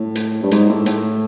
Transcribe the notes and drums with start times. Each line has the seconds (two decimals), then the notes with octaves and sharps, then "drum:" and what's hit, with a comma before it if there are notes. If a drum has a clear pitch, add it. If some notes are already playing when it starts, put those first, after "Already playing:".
Already playing: A2
0.15 drum: hi-hat
0.43 G2
0.51 G#2, drum: hi-hat
0.69 A2
0.86 A2, drum: hi-hat